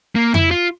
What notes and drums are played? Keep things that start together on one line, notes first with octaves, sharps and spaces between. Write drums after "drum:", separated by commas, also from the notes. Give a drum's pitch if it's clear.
A#3
E4, drum: tom F2
F4